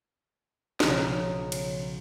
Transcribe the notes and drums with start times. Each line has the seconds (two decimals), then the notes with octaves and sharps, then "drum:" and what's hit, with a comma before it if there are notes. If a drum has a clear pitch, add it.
0.80 B1 C#3 F3 A#5 D#6, drum: snare
1.52 drum: cymbal